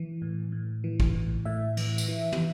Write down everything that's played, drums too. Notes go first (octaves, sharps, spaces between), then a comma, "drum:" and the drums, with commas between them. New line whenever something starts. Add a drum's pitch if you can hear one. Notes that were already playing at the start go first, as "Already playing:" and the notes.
Already playing: E3
A2
A2
E3
drum: kick
A2
A2 E5
E3, drum: cymbal
drum: tambourine
E3
drum: tom